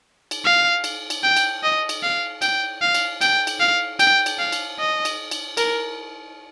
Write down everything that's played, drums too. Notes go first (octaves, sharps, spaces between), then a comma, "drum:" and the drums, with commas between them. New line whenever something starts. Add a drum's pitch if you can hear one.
drum: cymbal
F5
drum: cymbal
drum: cymbal
G5
drum: cymbal
D#5
drum: cymbal
F5
G5, drum: cymbal
F5
drum: cymbal
G5, drum: cymbal
drum: cymbal
F5
G5, drum: cymbal
drum: cymbal
F5
drum: cymbal
D#5
drum: cymbal
drum: cymbal
A#4, drum: cymbal